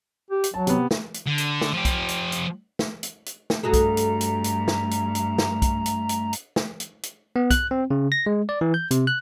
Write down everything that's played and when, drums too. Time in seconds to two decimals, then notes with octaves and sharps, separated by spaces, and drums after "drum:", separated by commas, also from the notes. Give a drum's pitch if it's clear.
0.31 G4
0.44 drum: hi-hat
0.54 F#3 A5
0.67 C3 B3, drum: hi-hat
0.91 drum: snare
1.14 drum: hi-hat
1.27 D3
1.38 drum: hi-hat
1.61 drum: snare
1.74 F3 G4
1.85 drum: kick B1, hi-hat
2.09 drum: hi-hat
2.32 drum: hi-hat
2.79 drum: snare
3.03 drum: hi-hat
3.26 drum: hi-hat
3.50 drum: snare
3.63 G2 A3 F#4 G#4 A4 A#5
3.73 drum: kick B1, hi-hat
3.97 drum: hi-hat
4.21 drum: hi-hat
4.44 drum: hi-hat
4.68 drum: snare
4.91 drum: hi-hat
5.15 drum: hi-hat
5.38 drum: snare
5.62 drum: kick B1, hi-hat
5.86 drum: hi-hat
6.09 drum: hi-hat
6.33 drum: hi-hat
6.56 drum: snare
6.80 drum: hi-hat
7.03 drum: hi-hat
7.36 B3
7.51 F#6, drum: kick B1, hi-hat
7.71 C4
7.91 C#3
8.12 A#6
8.26 G#3
8.49 D5
8.61 E3
8.74 G6
8.91 C3, drum: hi-hat
9.07 F#6